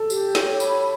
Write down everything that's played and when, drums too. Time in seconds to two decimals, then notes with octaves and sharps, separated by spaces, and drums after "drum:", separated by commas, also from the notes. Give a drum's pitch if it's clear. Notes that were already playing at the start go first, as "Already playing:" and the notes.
Already playing: A4
0.10 G4, drum: tambourine
0.35 C#5, drum: snare
0.60 B5, drum: tambourine